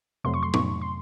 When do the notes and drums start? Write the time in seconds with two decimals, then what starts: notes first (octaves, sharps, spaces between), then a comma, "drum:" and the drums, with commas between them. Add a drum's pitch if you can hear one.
0.24 F2 C3 F#3 A3 C6
0.34 C#6
0.43 C6
0.54 C#6, drum: tom
0.81 C6